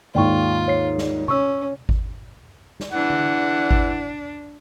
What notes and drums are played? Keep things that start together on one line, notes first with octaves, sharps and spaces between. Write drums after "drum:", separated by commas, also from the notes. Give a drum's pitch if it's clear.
D#2 G#2 F4 D5 G5 C#6
C#5 C7
drum: snare
C#4 C#6 E6, drum: tom C3
drum: kick G#1
drum: snare
E3 D4 F#5
drum: tom D3
drum: kick G#1